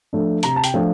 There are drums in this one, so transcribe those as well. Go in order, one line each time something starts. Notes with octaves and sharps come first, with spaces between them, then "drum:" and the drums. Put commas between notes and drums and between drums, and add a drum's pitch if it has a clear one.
F3 A3 D4
C3 A#5, drum: hi-hat
A5
G5, drum: hi-hat
F3 A3 D4